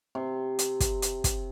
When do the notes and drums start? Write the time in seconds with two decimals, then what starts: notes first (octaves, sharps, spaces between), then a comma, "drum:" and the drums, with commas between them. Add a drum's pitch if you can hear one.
0.15 C3
0.59 drum: hi-hat
0.80 drum: kick, hi-hat
1.02 drum: hi-hat
1.24 drum: kick, hi-hat